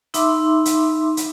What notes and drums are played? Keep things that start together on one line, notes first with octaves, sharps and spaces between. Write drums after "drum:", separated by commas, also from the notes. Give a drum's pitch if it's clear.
D#4 E5 B5 C6 D6 E6, drum: hi-hat
drum: hi-hat
drum: hi-hat